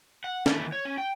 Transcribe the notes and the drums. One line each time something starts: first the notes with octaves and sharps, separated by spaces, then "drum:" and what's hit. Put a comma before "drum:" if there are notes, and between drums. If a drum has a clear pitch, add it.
F#5
D#3 E3 A3 A#3 A4 B4, drum: snare
C#5
C#4
G5